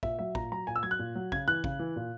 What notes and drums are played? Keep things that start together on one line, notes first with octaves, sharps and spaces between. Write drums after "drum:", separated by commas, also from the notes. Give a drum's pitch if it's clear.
A#2 E5, drum: kick
F#3 E5
A#2 A#5, drum: kick
F#3 A#5
A#2 G#5
E6
F#3 G#6
F#6
A#2
F#3
C#3 G#6, drum: kick
E3 F#6
C#3, drum: kick
E3
A#2